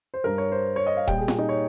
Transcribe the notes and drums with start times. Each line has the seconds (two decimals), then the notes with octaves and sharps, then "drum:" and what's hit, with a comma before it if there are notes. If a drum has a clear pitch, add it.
0.14 C5
0.24 G2 G3 A#4
0.38 C#5
0.52 C5
0.76 C#5
0.87 D#5
0.97 F5
1.07 A#2 G3 G5, drum: kick D#1
1.18 G#4
1.28 drum: snare
1.39 D#4
1.49 C#5